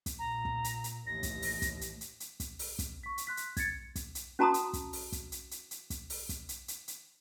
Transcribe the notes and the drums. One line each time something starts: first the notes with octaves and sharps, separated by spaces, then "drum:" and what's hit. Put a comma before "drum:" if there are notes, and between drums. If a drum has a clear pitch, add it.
drum: kick, hi-hat
A#2 A#5
drum: kick
drum: hi-hat
drum: hi-hat
A1 D#2 A#6
drum: kick, hi-hat
drum: open hi-hat
drum: kick, hi-hat
drum: hi-hat
drum: hi-hat
drum: hi-hat
drum: kick, hi-hat
drum: open hi-hat
drum: kick, hi-hat
C#6 B6
drum: hi-hat
C6 F#6 B6
drum: hi-hat
G#6 A6 C#7, drum: kick, hi-hat
drum: kick, hi-hat
drum: hi-hat
C#4 F#4 A5 A#5 C6 D#6
drum: hi-hat
drum: kick, hi-hat
drum: open hi-hat
drum: kick, hi-hat
drum: hi-hat
drum: hi-hat
drum: hi-hat
drum: kick, hi-hat
drum: open hi-hat
drum: kick, hi-hat
drum: hi-hat
drum: hi-hat
drum: hi-hat